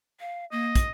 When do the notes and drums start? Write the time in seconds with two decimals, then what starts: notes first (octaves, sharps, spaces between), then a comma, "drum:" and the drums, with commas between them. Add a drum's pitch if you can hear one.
0.20 F5
0.52 A#3 D#5
0.75 drum: kick, hi-hat